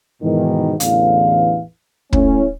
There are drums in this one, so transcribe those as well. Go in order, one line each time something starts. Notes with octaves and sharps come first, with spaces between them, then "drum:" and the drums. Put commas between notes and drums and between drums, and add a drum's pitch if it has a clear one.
G#2 B2 D#3 E3
A1 E2 A2 D3 E3 F5, drum: hi-hat
A3 C#4 E4, drum: kick